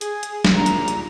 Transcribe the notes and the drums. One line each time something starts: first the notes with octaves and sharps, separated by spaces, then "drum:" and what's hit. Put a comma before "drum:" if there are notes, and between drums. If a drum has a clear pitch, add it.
G#4, drum: hi-hat
drum: hi-hat
drum: snare
D#2 A#2 A#5
drum: hi-hat
drum: hi-hat